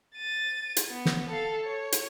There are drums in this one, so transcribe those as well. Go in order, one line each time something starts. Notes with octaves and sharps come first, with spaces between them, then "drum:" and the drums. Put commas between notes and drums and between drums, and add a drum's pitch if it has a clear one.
A6 D#7
drum: hi-hat
B3
drum: snare
A4 F5
C#5
drum: hi-hat